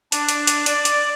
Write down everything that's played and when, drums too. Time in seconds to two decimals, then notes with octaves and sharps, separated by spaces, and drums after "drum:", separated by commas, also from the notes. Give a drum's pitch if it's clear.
0.12 D4, drum: hi-hat
0.29 drum: hi-hat
0.47 drum: hi-hat
0.66 D5, drum: hi-hat
0.85 drum: hi-hat